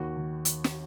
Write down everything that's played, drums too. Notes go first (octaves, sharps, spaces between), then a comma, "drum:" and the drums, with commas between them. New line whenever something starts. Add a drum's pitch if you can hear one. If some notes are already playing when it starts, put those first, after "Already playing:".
Already playing: D#2 F#4
D#3
drum: hi-hat
drum: snare